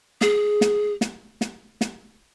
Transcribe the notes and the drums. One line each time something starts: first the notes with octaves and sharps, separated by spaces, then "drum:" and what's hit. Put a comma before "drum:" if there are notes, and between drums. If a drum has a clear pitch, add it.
G#4, drum: snare
drum: snare
drum: snare
drum: snare
drum: snare